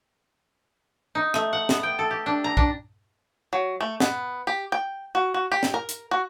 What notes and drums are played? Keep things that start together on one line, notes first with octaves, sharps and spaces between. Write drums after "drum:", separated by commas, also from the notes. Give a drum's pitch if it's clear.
D#4
A3, drum: rim click
F#5
B3, drum: snare
G5
A4
G4
D4
A#5
D4, drum: kick
F#3
A3
B3, drum: snare
G4
G5
F#4
F#4
G4
drum: snare
A#4
drum: hi-hat
F#4